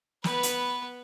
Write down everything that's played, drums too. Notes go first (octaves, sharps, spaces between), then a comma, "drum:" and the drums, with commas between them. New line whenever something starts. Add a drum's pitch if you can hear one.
B3 B4, drum: snare
drum: hi-hat